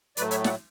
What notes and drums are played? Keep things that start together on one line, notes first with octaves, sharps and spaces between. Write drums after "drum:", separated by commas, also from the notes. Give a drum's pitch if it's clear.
A2 F#3 A3 B4 D5, drum: hi-hat
C#5 E5, drum: hi-hat
D5 F#5, drum: snare